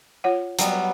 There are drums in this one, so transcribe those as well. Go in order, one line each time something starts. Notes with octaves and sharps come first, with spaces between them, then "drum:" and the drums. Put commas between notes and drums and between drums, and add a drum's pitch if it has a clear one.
F4 C#5 F#5
F#3 G3 B3, drum: hi-hat